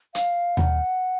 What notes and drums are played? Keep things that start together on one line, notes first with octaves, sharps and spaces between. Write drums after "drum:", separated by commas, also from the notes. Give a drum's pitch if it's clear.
F5, drum: hi-hat
F#5, drum: tom D#2